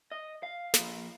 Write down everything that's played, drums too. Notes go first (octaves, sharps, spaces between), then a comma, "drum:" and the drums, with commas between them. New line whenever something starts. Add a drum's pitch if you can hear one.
D#5
F5
A#2 F3, drum: snare